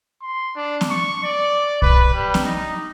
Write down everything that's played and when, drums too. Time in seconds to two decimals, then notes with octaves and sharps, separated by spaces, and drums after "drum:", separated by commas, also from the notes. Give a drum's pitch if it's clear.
0.22 C6
0.55 D4
0.81 drum: snare
0.90 C#6
1.23 D5
1.82 B4, drum: kick
2.14 G3
2.34 drum: snare
2.45 D#4